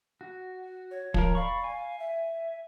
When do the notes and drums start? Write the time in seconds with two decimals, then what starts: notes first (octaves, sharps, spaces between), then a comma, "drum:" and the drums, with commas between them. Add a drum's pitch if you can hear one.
0.21 F#4
0.91 C#5
1.14 F3 A#4, drum: kick
1.35 D5 F5 B5 C#6
1.64 G#5
2.00 E5